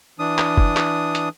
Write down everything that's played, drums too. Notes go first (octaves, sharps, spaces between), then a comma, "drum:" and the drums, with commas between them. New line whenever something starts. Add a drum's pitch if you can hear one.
E3 D4 D#6
drum: clap
drum: kick
drum: clap
drum: hi-hat